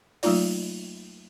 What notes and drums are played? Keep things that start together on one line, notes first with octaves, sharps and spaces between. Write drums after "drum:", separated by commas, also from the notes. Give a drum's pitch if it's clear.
F#3 A3 A#3 D#4 F4 D5, drum: open hi-hat